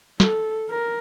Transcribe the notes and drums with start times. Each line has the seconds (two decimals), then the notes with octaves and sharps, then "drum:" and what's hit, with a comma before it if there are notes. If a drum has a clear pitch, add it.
0.20 A4, drum: snare
0.70 A#4